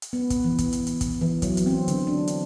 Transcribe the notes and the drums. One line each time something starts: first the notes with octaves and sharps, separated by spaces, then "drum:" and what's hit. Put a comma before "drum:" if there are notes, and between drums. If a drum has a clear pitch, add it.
drum: hi-hat
B3
drum: kick, hi-hat
E3
drum: kick, hi-hat
drum: hi-hat
drum: hi-hat
drum: kick, hi-hat
E3
F#3, drum: kick, hi-hat
drum: hi-hat
C4
D3, drum: hi-hat
D4
drum: hi-hat